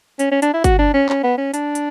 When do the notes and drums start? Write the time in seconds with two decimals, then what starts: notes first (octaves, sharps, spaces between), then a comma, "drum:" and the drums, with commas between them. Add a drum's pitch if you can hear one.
0.19 C#4, drum: hi-hat
0.32 C#4
0.42 D4, drum: hi-hat
0.54 E4
0.64 F#4, drum: kick G1, hi-hat
0.79 D4
0.94 C#4
1.09 C#4, drum: clap
1.24 B3
1.38 C#4
1.54 D4, drum: hi-hat
1.75 drum: hi-hat